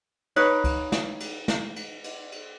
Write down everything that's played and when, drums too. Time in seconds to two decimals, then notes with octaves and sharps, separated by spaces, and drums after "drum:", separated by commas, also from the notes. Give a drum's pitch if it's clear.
0.36 D#4 B4 C#5, drum: cymbal
0.64 drum: kick C#2, cymbal
0.92 drum: snare
1.20 drum: cymbal
1.48 drum: snare
1.76 drum: cymbal
2.04 drum: cymbal
2.32 drum: cymbal